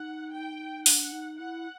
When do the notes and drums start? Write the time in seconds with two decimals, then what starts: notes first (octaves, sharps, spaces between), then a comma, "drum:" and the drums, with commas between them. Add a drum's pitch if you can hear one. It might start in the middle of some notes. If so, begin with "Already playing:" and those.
Already playing: D#4 F#5
0.33 G5
0.86 D4 F#5, drum: open hi-hat
1.12 D#4
1.39 E4 F#5